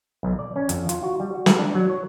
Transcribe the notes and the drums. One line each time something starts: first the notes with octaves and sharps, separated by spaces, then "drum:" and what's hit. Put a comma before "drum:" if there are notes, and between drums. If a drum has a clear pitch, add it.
B1
D5
C#4
F2, drum: hi-hat
F4, drum: hi-hat
F#4
G3
F#4
drum: snare
D4
F#3
C#5